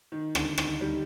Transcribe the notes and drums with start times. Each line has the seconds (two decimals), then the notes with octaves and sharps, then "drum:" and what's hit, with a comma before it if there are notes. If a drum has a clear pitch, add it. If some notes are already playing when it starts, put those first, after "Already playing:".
0.12 D#3
0.35 D3, drum: rim click
0.58 D#3, drum: rim click
0.81 D#3 G3